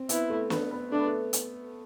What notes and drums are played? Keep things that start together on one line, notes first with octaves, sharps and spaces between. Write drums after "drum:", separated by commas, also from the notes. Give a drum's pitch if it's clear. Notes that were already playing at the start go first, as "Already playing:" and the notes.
Already playing: C4
B3 E4, drum: hi-hat
A3
B3, drum: snare
B3
A3 D4
B3
A3
drum: hi-hat